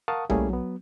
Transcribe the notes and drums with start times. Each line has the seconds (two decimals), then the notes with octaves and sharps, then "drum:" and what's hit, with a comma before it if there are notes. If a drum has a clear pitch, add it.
0.08 A#4 F5 F#5 A5 C#6 D#6
0.30 G3 A3 A#3 C#4 E4 G#4, drum: tom B1
0.50 F#3 B3